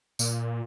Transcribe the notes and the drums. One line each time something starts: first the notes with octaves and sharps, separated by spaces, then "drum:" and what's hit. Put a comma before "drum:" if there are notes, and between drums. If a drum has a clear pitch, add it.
A#2, drum: tambourine